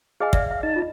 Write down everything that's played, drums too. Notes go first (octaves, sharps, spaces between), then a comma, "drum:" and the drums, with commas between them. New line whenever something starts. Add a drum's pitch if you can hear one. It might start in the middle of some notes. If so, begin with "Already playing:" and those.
G#4 D#5 F5 G#5
D5 E5, drum: kick
E5
D#4 A5
F4 D#5